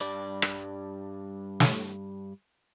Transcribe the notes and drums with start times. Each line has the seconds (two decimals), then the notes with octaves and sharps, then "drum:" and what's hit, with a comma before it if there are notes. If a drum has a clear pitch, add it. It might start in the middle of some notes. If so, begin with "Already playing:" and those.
0.01 G2 G3 D5
0.42 drum: rim click
1.60 drum: snare